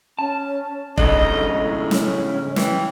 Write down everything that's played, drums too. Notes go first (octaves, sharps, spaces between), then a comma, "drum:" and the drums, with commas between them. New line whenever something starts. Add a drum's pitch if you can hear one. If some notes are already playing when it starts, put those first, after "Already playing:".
C#4 A5
G#2 C#3 D4 D#4 A4, drum: kick F1
A2
C#4, drum: snare
E3 G5, drum: snare